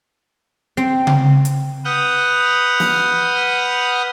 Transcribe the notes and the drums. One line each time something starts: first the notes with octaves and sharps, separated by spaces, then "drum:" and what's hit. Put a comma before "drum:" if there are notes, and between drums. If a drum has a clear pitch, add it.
C4
drum: tom C#3
drum: hi-hat
B4 F#5 D#6 F6 G6
drum: snare